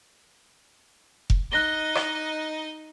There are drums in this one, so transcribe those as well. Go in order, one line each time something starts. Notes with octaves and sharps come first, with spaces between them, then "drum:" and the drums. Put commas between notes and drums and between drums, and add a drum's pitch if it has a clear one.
drum: kick F1
D#4 D#5 F#6 A#6 G7
drum: rim click